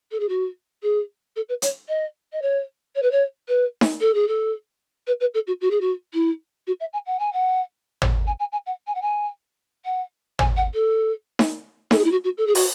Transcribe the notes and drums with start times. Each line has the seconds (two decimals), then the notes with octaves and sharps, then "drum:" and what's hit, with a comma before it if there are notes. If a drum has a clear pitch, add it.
0.11 A4
0.20 G#4
0.28 F#4
0.82 G#4
1.36 A4
1.49 B4
1.62 C#5, drum: hi-hat
1.88 D#5
2.32 D#5
2.42 C#5
2.95 C#5
3.02 B4
3.11 C#5
3.48 B4
3.81 drum: snare D#4
4.00 A4
4.14 G#4
4.27 A4
5.07 B4
5.20 B4
5.34 A4
5.47 F#4
5.61 F#4
5.70 G#4
5.81 F#4
6.13 E4
6.67 F#4
6.80 E5
6.93 G#5
7.06 F#5
7.19 G#5
7.33 F#5
8.02 drum: tom
8.27 G#5
8.39 G#5
8.52 G#5
8.66 F#5
8.87 G#5
8.95 F#5
9.02 G#5
9.85 F#5
10.39 G#5, drum: tom
10.56 F#5
10.74 A4
11.39 drum: snare D#4
11.91 A4, drum: snare D#4
11.98 G#4
12.04 E4
12.11 F#4
12.24 F#4
12.37 A4
12.47 G#4
12.55 F#4, drum: open hi-hat